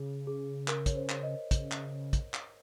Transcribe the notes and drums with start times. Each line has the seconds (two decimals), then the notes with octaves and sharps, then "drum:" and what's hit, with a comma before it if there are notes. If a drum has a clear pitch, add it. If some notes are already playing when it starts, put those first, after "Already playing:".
Already playing: C#3 G#4
0.27 G#4
0.68 A#4, drum: clap
0.86 C#5, drum: kick, hi-hat
0.96 C5
1.09 drum: clap
1.23 D#5
1.51 C#3, drum: kick, hi-hat
1.72 drum: clap
2.13 drum: kick, hi-hat
2.34 drum: clap